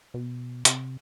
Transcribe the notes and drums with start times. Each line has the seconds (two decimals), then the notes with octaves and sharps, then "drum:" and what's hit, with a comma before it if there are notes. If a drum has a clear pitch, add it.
0.14 B2
0.65 C3, drum: hi-hat